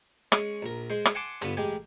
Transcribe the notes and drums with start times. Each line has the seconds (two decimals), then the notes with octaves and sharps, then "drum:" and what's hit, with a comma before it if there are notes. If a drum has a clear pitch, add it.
0.32 G#3 C#4, drum: rim click
0.62 A#1 A#4
0.90 G#3 C5
1.05 drum: rim click
1.15 F#5 G#5 A5 C6 D6
1.42 G2 D3 B3 F4, drum: hi-hat
1.57 A1 G#3 G4 G#5